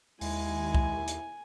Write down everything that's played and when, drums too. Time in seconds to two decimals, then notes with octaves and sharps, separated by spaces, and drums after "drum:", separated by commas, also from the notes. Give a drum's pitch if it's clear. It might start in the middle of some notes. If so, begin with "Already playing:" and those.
0.21 D#2 G#3 E4 G#5, drum: open hi-hat
0.75 drum: kick C2
1.08 drum: hi-hat